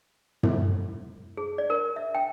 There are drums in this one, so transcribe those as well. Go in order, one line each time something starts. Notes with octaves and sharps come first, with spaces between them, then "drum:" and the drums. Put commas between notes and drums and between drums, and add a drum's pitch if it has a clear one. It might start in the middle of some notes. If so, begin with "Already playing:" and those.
drum: tom
G#4
D5
A#4
E5
G5